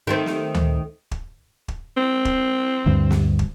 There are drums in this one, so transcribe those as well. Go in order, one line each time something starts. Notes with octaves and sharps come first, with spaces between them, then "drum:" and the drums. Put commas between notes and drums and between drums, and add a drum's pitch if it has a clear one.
D#3 A3 C4
drum: snare
drum: tom D2
drum: kick
drum: kick
C4
drum: kick
D2 G2
drum: snare
drum: kick